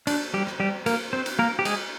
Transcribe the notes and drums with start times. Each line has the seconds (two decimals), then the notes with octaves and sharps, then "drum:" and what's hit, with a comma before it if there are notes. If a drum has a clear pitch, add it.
0.07 D4, drum: cymbal
0.34 G3 G4
0.47 drum: rim click
0.60 G3 G4
0.86 A#3 A#4, drum: cymbal
1.13 C4 C5
1.26 drum: cymbal
1.39 A#3 A#4
1.59 G4
1.65 G#3 G#4, drum: cymbal